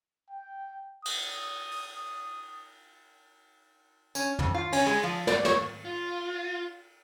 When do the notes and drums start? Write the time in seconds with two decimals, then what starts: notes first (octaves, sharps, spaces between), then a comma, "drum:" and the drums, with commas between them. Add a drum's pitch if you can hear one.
0.31 G5
1.05 D#6, drum: cymbal
1.71 drum: open hi-hat
4.15 C#4, drum: tambourine
4.39 F2, drum: tom
4.54 F4
4.73 C#4, drum: cymbal
4.86 G#3
5.03 F3
5.27 D5, drum: snare
5.45 C#5, drum: snare
5.85 F4